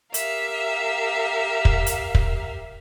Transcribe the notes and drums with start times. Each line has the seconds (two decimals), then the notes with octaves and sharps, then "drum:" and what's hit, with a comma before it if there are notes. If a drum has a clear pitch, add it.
0.14 G4 A#4 E5 F5, drum: hi-hat
1.65 drum: kick
1.86 drum: hi-hat
2.15 drum: kick